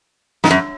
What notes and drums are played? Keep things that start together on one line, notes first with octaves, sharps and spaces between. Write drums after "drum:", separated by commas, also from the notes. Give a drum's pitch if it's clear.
G#2, drum: snare
F#2